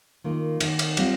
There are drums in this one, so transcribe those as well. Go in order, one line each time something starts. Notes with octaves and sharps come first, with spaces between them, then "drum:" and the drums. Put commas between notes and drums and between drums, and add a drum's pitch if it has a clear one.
D#3 A#3 F4
D#3, drum: cymbal
drum: cymbal
G3 C4 F4, drum: cymbal